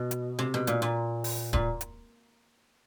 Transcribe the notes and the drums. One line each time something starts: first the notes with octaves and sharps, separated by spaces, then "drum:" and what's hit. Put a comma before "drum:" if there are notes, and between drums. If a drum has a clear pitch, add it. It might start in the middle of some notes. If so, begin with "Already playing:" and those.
Already playing: B2
drum: hi-hat
C3
B2
A#2, drum: hi-hat
A#2
drum: open hi-hat
A#2, drum: kick D1
drum: hi-hat